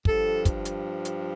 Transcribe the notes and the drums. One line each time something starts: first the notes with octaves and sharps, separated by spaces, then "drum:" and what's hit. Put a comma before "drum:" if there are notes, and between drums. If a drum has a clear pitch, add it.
G2 F3 A4, drum: kick
drum: kick, hi-hat
drum: hi-hat
drum: hi-hat